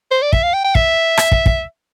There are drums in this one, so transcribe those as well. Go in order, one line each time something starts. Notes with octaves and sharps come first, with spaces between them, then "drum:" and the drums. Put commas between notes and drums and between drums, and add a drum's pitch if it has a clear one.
C5
D5
E5, drum: kick
F5
G5
G5
E5, drum: kick
drum: rim click
drum: kick
drum: kick